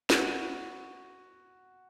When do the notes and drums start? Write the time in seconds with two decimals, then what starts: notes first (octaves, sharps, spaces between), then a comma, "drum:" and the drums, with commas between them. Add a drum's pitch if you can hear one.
0.10 F#4, drum: snare